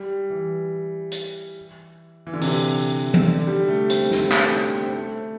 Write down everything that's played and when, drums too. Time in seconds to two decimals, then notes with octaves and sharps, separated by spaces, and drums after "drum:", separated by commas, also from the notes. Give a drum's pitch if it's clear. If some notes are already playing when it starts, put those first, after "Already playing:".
Already playing: G3
0.30 E3
1.12 drum: hi-hat
2.27 E3
2.34 D3
2.41 C3, drum: open hi-hat
3.14 drum: tom E3
3.27 D3
3.47 G3
3.68 A3
3.90 C4, drum: hi-hat
4.11 C4, drum: snare
4.28 C4
4.31 A3, drum: clap
4.54 D4
4.74 C4
4.91 C4
4.96 A3